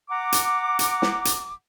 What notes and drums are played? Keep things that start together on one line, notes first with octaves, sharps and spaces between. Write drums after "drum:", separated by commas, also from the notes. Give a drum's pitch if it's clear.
F#5 A#5 D6
drum: hi-hat
drum: hi-hat
drum: snare
drum: hi-hat